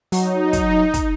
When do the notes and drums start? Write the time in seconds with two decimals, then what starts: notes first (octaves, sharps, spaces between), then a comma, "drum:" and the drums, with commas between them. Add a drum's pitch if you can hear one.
0.12 F#3 D#4, drum: open hi-hat
0.53 drum: kick, hi-hat
0.94 drum: kick, hi-hat